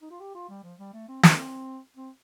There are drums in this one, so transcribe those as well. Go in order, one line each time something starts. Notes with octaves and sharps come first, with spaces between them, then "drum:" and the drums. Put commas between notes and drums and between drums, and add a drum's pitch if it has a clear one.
D#4
F4
G4
F4
G3
F3
G3
A3
C4
D4, drum: snare
C4
C4